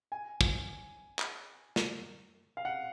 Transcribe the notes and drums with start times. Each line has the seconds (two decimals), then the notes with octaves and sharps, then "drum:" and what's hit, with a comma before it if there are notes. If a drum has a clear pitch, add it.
0.12 G#5
0.41 drum: kick
1.19 drum: clap
1.76 drum: snare
2.57 F5
2.65 F#5